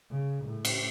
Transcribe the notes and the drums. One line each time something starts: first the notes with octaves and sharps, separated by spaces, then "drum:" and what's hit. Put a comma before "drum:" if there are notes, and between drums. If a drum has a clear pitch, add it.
C#3
A2
drum: cymbal